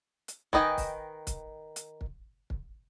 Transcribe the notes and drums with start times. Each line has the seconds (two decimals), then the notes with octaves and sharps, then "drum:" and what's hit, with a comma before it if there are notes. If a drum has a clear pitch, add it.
0.28 drum: hi-hat
0.53 D#3 B4 D#5 G5 G#5, drum: kick
0.78 drum: kick, open hi-hat
1.27 drum: kick, hi-hat
1.76 drum: hi-hat
2.01 drum: kick
2.50 drum: kick